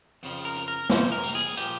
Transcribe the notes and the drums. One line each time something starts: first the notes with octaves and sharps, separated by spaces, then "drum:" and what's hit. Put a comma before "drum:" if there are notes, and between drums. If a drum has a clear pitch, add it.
F2 C#3 F3, drum: open hi-hat
A#4
drum: hi-hat
A#4
C2 C3 E3 C5, drum: snare
A#4
drum: open hi-hat
G#4
A#2 F3 G4, drum: hi-hat